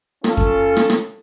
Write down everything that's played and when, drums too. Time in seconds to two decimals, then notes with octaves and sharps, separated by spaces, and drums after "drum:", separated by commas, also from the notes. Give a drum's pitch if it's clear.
0.24 C#4 F4 A4, drum: rim click
0.37 drum: kick F2
0.76 drum: rim click
0.90 drum: rim click